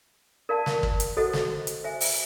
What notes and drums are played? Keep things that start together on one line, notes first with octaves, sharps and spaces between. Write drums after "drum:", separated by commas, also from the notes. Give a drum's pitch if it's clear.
A#4 D5 F5 A5
drum: snare
drum: kick
drum: hi-hat
F#4 A4 C5 D#5 F#5
drum: snare
drum: hi-hat
C5 E5 G#5
drum: open hi-hat